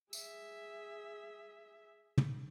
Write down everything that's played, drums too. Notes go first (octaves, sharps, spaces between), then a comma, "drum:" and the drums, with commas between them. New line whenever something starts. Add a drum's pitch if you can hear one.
G#4 E5, drum: tambourine
drum: tom